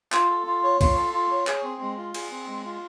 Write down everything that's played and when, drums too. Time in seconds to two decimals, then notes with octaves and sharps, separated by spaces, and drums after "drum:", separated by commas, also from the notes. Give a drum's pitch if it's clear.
0.12 F4, drum: clap
0.30 A4
0.47 F4
0.63 C#5
0.81 F4, drum: kick, cymbal
0.96 A4
1.14 F4
1.31 C#5
1.47 G#4, drum: clap
1.64 C4
1.81 G#3
1.97 F4
2.14 G#4, drum: cymbal
2.31 C4
2.47 G#3
2.65 F4